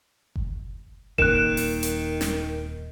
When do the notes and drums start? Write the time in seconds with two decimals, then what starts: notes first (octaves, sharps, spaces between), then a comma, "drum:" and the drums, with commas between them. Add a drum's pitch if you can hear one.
0.36 drum: kick F#1
1.18 D#1 D#3 A#4 F#6 E7, drum: kick F#1
1.57 drum: open hi-hat
1.83 drum: hi-hat
2.21 drum: snare